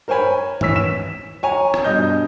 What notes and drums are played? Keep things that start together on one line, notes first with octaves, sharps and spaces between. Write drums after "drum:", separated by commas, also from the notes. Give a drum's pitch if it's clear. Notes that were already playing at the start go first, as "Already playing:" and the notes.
A#4 C5 C#5 G#5 B5
E3 C#5 E6 B6, drum: tom
E7
C#5 G#5 A#5
drum: rim click
G2 B2 D#5 G6